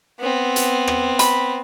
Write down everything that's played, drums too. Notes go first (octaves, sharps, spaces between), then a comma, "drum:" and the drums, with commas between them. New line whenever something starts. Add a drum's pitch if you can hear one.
B3 C4
drum: hi-hat
drum: rim click
B5, drum: hi-hat